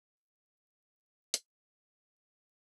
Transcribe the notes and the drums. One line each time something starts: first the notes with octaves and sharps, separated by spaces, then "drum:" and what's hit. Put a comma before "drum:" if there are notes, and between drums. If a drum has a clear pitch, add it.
C#3 E4 G#5 E6
drum: hi-hat